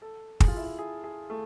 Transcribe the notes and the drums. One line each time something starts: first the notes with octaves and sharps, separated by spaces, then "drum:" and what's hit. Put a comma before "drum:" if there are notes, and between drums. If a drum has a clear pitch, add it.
A4
G#4, drum: kick
F4
E4
F4
G#4
G#4
A3